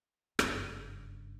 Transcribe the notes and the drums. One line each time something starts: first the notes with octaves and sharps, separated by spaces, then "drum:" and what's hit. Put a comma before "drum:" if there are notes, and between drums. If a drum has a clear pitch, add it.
F#1 G2, drum: rim click